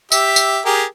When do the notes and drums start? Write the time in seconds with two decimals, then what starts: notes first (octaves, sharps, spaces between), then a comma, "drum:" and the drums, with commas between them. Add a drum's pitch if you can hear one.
0.12 G4 E5, drum: tambourine
0.36 drum: tambourine
0.66 G4 G#4 A#4